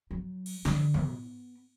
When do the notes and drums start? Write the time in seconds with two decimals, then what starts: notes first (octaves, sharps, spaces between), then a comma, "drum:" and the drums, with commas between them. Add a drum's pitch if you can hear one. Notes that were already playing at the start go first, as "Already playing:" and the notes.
0.11 F#3
0.46 drum: cymbal
0.65 D3, drum: snare
0.94 B3, drum: tom